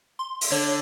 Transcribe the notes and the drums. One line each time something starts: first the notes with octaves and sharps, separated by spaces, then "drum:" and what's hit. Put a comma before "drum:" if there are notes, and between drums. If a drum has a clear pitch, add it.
C6
drum: open hi-hat
D3 C#5